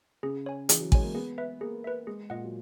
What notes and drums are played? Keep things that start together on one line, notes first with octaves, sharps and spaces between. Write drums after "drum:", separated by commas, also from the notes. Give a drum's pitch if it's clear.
C#3 G#4
C#5 G#5
E3 G#4, drum: hi-hat
F#3
G#3 C#5 G#5, drum: kick A1
A#3
B3 G#4
B4 E5
A#3 G#4
B4 E5
G#3 G#4
A#2 D#5 F#5
F#3